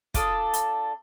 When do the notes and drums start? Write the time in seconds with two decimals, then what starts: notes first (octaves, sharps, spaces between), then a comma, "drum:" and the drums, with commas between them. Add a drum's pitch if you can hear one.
0.14 D4 F4 A4 D#6, drum: kick, hi-hat
0.53 drum: hi-hat